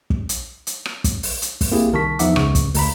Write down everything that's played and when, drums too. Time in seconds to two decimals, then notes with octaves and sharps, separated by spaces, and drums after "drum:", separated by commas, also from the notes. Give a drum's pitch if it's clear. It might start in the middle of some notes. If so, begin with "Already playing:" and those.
0.10 drum: kick
0.29 drum: hi-hat
0.67 drum: hi-hat
0.86 drum: rim click
1.04 drum: kick, hi-hat
1.23 drum: open hi-hat
1.42 drum: hi-hat
1.61 drum: kick, open hi-hat
1.72 A#3 C4 E4 G4 G#4
1.92 C2 D#3 A#4 A5 C#6 B6
2.19 E2 F3 D#4 E5 F#5 D6, drum: hi-hat
2.36 C#2 C#3 C#6, drum: rim click
2.55 drum: kick, hi-hat
2.74 D2 A#5 B5, drum: open hi-hat